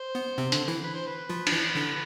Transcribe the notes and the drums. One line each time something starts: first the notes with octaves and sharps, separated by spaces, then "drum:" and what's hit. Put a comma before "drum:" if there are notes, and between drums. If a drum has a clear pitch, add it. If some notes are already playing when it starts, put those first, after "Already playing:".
Already playing: C5
B3
C3 C4
D3 D4, drum: hi-hat
E3 E4
B4
C5
B4
F3 F4
D4, drum: cymbal
E3 E4
D3 D4